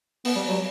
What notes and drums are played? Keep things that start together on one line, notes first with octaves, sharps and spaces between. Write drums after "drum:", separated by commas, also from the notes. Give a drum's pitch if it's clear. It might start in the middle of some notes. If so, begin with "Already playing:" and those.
B3, drum: open hi-hat
G3
F#3